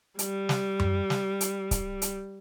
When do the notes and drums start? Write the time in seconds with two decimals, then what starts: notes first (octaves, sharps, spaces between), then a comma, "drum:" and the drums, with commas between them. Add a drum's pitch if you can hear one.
0.19 G3, drum: hi-hat
0.49 drum: snare
0.80 drum: tom F#2
1.10 drum: snare
1.41 drum: hi-hat
1.71 drum: kick C#1, hi-hat
2.02 drum: hi-hat